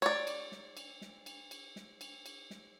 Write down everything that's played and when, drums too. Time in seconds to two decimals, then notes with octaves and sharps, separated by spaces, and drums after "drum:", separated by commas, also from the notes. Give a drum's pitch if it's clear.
0.02 C#5 D5, drum: cymbal
0.27 drum: cymbal
0.52 drum: snare
0.77 drum: cymbal
1.01 drum: snare
1.26 drum: cymbal
1.51 drum: cymbal
1.76 drum: snare
2.01 drum: cymbal
2.26 drum: cymbal
2.50 drum: snare